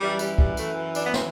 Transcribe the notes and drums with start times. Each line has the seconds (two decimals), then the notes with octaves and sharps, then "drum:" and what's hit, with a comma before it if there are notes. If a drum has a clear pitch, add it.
0.01 F#2 E3 G3
0.19 G3, drum: tambourine
0.38 G3, drum: kick
0.57 A3, drum: tambourine
0.95 D4, drum: tambourine
1.05 B3
1.14 C4, drum: snare